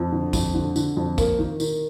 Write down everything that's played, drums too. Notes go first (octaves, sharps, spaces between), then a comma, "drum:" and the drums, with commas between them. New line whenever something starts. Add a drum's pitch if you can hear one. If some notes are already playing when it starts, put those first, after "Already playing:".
Already playing: F2
D3
F2, drum: kick, tambourine
D3
D3, drum: tambourine
F2
A#3, drum: kick, tambourine
D#3
D#3, drum: tambourine